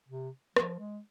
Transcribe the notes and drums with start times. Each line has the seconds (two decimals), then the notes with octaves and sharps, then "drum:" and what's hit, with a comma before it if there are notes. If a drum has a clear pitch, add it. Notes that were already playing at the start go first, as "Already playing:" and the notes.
0.08 C3
0.56 F3, drum: rim click
0.79 G#3